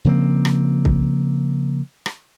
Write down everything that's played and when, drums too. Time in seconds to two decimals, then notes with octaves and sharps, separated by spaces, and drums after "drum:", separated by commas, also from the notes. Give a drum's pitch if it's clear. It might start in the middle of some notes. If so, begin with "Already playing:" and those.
0.05 C#3 F3 A#3 C4
0.45 drum: rim click
0.85 drum: kick C2
2.06 drum: rim click